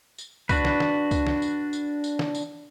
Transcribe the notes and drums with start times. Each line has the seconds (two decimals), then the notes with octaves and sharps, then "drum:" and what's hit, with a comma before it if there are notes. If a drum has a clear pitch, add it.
0.18 drum: tambourine
0.49 D4 F#4 B4, drum: kick, tambourine
0.65 drum: snare
0.80 drum: snare
1.11 drum: kick, tambourine
1.27 drum: snare
1.42 drum: tambourine
1.73 drum: tambourine
2.04 drum: tambourine
2.19 drum: snare
2.35 drum: tambourine